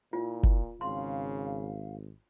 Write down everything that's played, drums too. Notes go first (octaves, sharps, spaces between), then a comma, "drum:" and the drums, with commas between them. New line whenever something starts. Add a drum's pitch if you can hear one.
A#2 E4 F4
drum: kick F#1
G#1 C#3 F5 C6